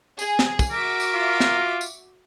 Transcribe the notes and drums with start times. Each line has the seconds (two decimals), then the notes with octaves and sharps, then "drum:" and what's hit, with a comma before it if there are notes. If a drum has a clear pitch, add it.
0.19 G#4, drum: tambourine
0.39 drum: snare
0.59 drum: kick, tambourine
0.72 F#4 A#4 E5 D6
1.00 drum: tambourine
1.14 F4
1.40 drum: snare
1.81 drum: tambourine